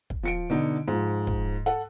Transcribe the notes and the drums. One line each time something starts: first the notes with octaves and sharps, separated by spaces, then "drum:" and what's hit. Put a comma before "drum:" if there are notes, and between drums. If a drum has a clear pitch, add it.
drum: kick
F3 C#7 D7
B2 D3 D#4
G#2 F3
drum: kick
A4 F#5